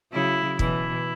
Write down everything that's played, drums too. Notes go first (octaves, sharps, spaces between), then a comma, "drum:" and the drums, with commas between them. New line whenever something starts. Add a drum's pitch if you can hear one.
C#3 F#3 E4
B2 E3 E4, drum: kick